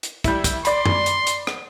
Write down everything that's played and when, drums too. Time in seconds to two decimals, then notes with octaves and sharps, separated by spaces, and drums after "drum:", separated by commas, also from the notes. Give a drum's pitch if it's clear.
0.03 drum: hi-hat
0.24 G3 E4, drum: kick, hi-hat
0.44 drum: kick, hi-hat
0.65 D5 B5 C6, drum: hi-hat
0.86 drum: tom F#2
1.06 drum: hi-hat
1.27 drum: hi-hat
1.47 drum: rim click